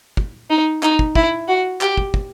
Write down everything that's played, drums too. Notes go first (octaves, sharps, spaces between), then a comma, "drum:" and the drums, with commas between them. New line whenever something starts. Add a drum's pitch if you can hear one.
drum: kick
D#4
D#4, drum: clap
drum: kick
E4, drum: kick
F#4
G4, drum: clap
drum: kick
drum: kick